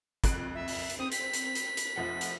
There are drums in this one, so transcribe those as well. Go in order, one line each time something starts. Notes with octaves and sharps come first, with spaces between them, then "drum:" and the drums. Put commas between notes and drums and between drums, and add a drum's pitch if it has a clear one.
F2 F#6 D7, drum: kick, hi-hat
E5
drum: open hi-hat
drum: hi-hat
C4 D#6
B6, drum: hi-hat
drum: hi-hat
drum: hi-hat
drum: hi-hat
F1 F3 F#5
drum: hi-hat